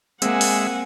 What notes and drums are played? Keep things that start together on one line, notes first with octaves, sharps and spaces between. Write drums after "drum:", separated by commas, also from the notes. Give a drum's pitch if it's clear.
G#3 A#3 C4 E5 F#5 G#5, drum: hi-hat
drum: open hi-hat